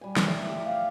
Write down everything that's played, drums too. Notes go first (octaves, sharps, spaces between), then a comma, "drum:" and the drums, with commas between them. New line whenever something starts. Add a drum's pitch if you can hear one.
G3 G#5
drum: snare
A2 A3 D5
G4
F5